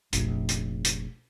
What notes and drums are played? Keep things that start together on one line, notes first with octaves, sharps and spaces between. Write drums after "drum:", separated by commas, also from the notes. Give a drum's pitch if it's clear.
F1 A#1, drum: hi-hat
drum: hi-hat
drum: hi-hat